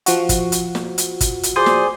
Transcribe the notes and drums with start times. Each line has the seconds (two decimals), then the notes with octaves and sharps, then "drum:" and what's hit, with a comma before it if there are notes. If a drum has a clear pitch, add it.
0.06 F3 F#4, drum: hi-hat
0.29 drum: kick, hi-hat
0.52 drum: hi-hat
0.75 drum: snare
0.98 drum: hi-hat
1.21 drum: kick, hi-hat
1.43 drum: hi-hat
1.56 G#4 C5 D5
1.66 drum: snare